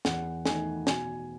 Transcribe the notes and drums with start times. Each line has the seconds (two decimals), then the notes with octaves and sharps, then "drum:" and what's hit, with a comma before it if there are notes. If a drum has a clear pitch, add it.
0.05 E2 F#5, drum: snare
0.46 D#3 A3 D#4 G#5, drum: snare
0.87 B2 G#5, drum: snare